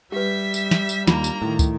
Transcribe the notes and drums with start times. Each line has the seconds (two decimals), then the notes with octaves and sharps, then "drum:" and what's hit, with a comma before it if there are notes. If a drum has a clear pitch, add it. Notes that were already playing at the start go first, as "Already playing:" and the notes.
0.12 G3 G4 B4 E5 B6
0.54 drum: tambourine
0.71 drum: snare
0.89 drum: tambourine
1.07 D#2 A#3 D4 F4 A#5 B5, drum: snare
1.24 drum: tambourine
1.42 A2 D#3
1.59 drum: kick, tambourine